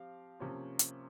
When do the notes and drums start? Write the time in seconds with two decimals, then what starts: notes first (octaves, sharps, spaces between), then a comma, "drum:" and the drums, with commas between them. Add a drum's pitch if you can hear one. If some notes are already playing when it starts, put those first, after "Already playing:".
Already playing: F3 C4 G4 F5
0.39 C3 F3 A#3 C#4 F4
0.79 drum: hi-hat